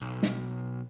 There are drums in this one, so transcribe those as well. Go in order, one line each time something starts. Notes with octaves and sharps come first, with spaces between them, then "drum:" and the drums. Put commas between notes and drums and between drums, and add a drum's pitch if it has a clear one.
B1
drum: snare